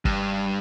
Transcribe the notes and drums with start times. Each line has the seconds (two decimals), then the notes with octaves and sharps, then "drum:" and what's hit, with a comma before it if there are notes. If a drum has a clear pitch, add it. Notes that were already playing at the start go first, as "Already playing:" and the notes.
0.05 G2, drum: kick